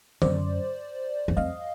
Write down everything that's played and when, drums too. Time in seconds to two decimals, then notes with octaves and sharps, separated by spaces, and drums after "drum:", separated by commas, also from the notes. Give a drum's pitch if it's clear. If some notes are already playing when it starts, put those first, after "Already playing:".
0.22 F#2 C5 D5, drum: tom D3
1.28 E2
1.37 F2 D#5 F5